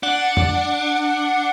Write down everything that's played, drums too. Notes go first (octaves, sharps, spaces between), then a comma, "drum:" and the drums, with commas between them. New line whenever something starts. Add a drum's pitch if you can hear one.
D4 F#5
drum: tom F2